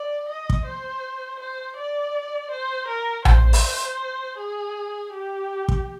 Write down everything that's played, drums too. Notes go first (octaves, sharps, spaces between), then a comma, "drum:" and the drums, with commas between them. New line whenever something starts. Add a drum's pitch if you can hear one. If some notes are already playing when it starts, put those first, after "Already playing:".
Already playing: D5
D#5
drum: kick
C5
C5
D5
C5
A#4
C5, drum: tom A#1
drum: open hi-hat
G#4
G4
drum: kick